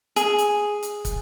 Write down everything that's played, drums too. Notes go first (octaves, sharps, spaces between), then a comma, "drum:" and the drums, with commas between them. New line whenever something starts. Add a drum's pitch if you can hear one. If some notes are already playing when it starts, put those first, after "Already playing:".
G#4, drum: hi-hat
drum: hi-hat
drum: hi-hat
drum: kick, hi-hat